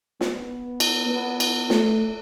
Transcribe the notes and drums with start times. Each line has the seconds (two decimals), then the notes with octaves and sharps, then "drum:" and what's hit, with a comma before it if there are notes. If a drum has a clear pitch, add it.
0.21 B3, drum: snare
0.80 drum: cymbal
1.10 B3
1.40 drum: cymbal
1.70 A3, drum: snare